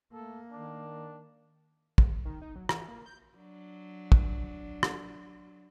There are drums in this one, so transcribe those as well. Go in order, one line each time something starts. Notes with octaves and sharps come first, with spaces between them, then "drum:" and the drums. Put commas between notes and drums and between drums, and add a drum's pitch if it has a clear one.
A3 A#3 A4
D#3 D4
drum: kick
D#3
D#4
F#3
E3, drum: rim click
A#3
G6
F#3 D4
drum: kick
drum: rim click